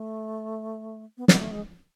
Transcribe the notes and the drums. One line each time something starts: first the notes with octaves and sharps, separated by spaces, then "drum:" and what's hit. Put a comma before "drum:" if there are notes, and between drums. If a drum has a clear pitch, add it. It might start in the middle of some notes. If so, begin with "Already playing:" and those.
Already playing: A3
B3
B3, drum: snare
A3
G#3